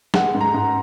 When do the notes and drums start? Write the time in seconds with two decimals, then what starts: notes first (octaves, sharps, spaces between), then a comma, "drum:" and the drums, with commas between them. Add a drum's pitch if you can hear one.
0.14 G#3 F#5, drum: snare
0.34 G#2
0.41 A#5
0.54 G#2